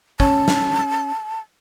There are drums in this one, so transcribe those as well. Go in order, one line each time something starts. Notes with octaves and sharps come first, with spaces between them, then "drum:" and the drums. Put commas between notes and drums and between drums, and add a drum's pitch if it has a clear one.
C#4 A5, drum: kick
drum: snare